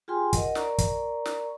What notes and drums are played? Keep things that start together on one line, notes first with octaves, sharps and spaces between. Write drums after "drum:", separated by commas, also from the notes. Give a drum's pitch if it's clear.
F4 G4 G#4 G5 G#5 C6
A#4 D#5 F#5, drum: kick, hi-hat
A#4 D5 A#5 C#6, drum: snare
drum: kick, hi-hat
drum: snare